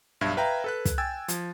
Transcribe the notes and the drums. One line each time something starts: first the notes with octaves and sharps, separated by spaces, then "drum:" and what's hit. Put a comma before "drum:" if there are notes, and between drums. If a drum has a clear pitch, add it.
B1 G2 E5 F5 G#6
B4 E5 F5 G5 A#5
A4 B4 F#6
drum: kick, hi-hat
G5 G#5 E6 G#6 A6
F3, drum: hi-hat